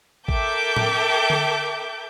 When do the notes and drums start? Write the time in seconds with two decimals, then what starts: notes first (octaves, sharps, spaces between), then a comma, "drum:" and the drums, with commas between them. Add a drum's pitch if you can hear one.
0.28 A4 A#4 E5 G5 D6 G6, drum: kick A1
0.77 drum: tom A2
1.30 drum: tom D3